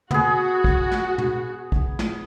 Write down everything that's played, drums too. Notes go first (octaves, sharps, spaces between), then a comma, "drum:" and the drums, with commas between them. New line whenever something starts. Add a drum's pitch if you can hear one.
B3 F#4 G#4, drum: tom
drum: kick
drum: snare
drum: tom
drum: kick
drum: snare